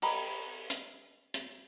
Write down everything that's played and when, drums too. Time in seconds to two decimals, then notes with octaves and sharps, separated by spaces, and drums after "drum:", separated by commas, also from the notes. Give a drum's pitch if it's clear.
0.02 G4 D#5 A#5 B5, drum: open hi-hat
0.70 drum: hi-hat
1.34 drum: hi-hat